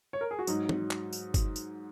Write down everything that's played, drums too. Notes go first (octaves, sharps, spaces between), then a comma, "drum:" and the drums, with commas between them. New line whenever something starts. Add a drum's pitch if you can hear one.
C#5
A#4
G#4
F#4
G#2 F#3 D#4, drum: tambourine
drum: tom
drum: clap
drum: tambourine
drum: kick, tambourine
drum: tambourine